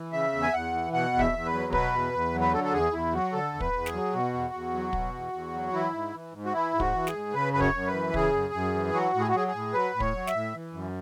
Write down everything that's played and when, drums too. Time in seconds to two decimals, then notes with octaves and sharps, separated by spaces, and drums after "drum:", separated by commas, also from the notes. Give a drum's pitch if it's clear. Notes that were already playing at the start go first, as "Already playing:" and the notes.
Already playing: E3
0.13 C#3 E5
0.33 E2
0.43 G#5
0.53 E2 F#5
0.73 E3
0.93 B2 F#5
1.13 E2
1.19 E5, drum: kick
1.32 E2
1.46 B4
1.53 F#3
1.73 B2 B4, drum: kick
1.94 E2
2.13 E2
2.32 F#3
2.41 B4
2.53 D3 A4
2.64 A4
2.73 E2 G#4
2.93 E2 E4
3.13 F#3 F#4
3.33 D3 A4
3.53 E2
3.60 B4, drum: kick
3.73 E2
3.86 G#4, drum: snare
3.93 F#3
4.13 B2 F#4
4.34 E2
4.54 E2
4.74 F#3
4.93 B2, drum: kick
5.14 E2
5.33 E2
5.54 F#3
5.73 E3 E4
5.93 G#2
6.14 E3
6.33 G#2
6.46 F#4
6.53 E3 E4
6.73 G#2
6.80 F#4, drum: kick
6.94 E3
7.07 G#4, drum: snare
7.13 G#2
7.33 C#3 B4
7.53 F#2 B4
7.60 C#5, drum: kick
7.74 F#2
7.87 B4
7.94 E3
8.14 C#3 G#4, drum: kick
8.33 F#2
8.54 F#2
8.74 E3
8.93 F#3 F#4
9.14 A2
9.20 G#4
9.28 F#4
9.34 F#3 G#4
9.48 G#4
9.54 A2
9.73 F#3 B4
9.94 A2
10.00 C#5, drum: kick
10.15 F#3
10.27 E5, drum: snare
10.34 A2
10.54 E3
10.74 F#2